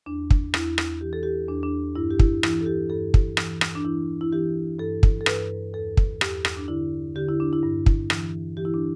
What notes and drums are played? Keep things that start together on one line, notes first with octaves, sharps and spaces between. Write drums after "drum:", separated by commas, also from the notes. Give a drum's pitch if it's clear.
E2 D4
drum: kick
E2 E4, drum: rim click
drum: rim click
E3 G4
A4
G4
E2 D4
D4
G2 E4
G4
E4, drum: kick
E3 E4, drum: rim click
A4
G4
G2 A4
drum: kick
E3, drum: rim click
drum: rim click
D4
E3 E4
E4
E3 G4
G2 A4
drum: kick
A4
G2 B4, drum: rim click
E2 A4
drum: kick
E2 G4, drum: rim click
drum: rim click
D4
D3 E4
D3 G4
E4
D4
E4
G2
drum: kick
E3, drum: rim click
E3 G4
E4
D4